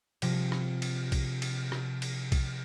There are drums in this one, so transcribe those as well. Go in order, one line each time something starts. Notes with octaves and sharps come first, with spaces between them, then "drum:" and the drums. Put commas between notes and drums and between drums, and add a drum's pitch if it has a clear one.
C3 F3, drum: cymbal
drum: rim click
drum: cymbal
drum: kick B1, cymbal
drum: cymbal
drum: rim click
drum: cymbal
drum: kick B1, cymbal